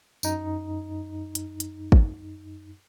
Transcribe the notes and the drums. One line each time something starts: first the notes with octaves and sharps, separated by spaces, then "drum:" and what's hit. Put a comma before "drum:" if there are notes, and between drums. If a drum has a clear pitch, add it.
F#2 D#4, drum: tambourine
drum: hi-hat
drum: hi-hat
drum: kick G#1